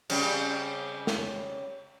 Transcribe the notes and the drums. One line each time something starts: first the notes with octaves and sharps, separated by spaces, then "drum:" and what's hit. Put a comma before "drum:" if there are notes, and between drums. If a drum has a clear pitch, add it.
C#3 G3 C4, drum: cymbal
drum: snare